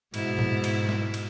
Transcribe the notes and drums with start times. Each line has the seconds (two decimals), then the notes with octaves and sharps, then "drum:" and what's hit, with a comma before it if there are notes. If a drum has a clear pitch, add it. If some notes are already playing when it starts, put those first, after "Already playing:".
0.14 G#2 B2 E4, drum: cymbal
0.39 drum: tom A2
0.64 drum: cymbal
0.89 drum: snare
1.14 drum: cymbal